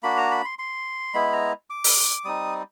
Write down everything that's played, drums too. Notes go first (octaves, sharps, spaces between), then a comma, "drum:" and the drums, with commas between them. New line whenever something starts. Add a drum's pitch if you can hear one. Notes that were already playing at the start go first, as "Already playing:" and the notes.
A#3 D4 F#4 B5
A#5
B5
C6
C6
G#3 B3 E4 B5
A#5
D6
drum: open hi-hat
G3 C4 D#4 D#6